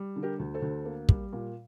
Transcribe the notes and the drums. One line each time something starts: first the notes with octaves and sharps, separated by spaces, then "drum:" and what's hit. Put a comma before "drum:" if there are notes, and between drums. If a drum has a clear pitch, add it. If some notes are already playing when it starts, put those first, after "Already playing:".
Already playing: G3
D3
G4 A#4
D2
A4 C5
D2
A#3
G3, drum: kick
A#2